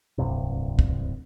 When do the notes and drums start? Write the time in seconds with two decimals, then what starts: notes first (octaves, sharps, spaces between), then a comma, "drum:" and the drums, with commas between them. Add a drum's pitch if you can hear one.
0.18 D1 C2 G2 C3
0.79 drum: kick